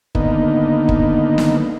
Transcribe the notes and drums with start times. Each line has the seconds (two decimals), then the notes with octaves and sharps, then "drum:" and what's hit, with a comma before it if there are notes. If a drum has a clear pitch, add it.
0.15 D3 D#3 A#3 B3 D#4, drum: kick
0.89 drum: kick
1.38 drum: snare